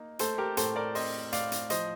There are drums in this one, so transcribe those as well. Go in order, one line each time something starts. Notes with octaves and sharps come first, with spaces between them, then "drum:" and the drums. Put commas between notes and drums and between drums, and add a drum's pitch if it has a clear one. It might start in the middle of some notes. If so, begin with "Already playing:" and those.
Already playing: A#3 D#4
A3 A4 C5, drum: hi-hat
G4 A#4
A2 A4 C5, drum: hi-hat
A#4 D5
C4 C5 D#5, drum: open hi-hat
A2 D5 F5, drum: hi-hat
drum: hi-hat
F3 C5 D#5, drum: hi-hat